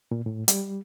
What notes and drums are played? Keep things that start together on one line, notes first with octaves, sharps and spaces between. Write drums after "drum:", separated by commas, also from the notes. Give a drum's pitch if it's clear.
A#2
A2
G3, drum: hi-hat